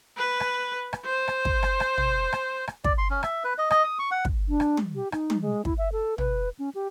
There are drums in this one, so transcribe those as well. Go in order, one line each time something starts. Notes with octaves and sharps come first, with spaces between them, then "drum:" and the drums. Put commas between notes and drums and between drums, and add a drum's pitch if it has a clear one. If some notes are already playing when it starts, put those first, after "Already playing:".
B4
drum: rim click
drum: rim click
C5
drum: rim click
drum: kick
drum: rim click
drum: rim click
drum: tom
drum: rim click
drum: rim click
D5, drum: kick
C6
C#4
E5, drum: rim click
B4
D#5
D#5, drum: rim click
D#6
C#6
F#5
drum: kick
D4
drum: rim click
drum: tom
G4
D#4, drum: rim click
drum: tom
G#3
E4, drum: kick
E5
A4
B4, drum: tom
C#4
G4